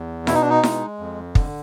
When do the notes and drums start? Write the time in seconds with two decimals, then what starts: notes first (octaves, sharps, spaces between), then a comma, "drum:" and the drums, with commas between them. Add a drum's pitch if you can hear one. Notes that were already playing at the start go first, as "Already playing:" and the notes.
Already playing: E2
0.27 B2 E4, drum: snare E4
0.35 D#4
0.42 D4
0.50 D#4
0.63 G#3, drum: snare E4
0.99 F2
1.35 D3, drum: kick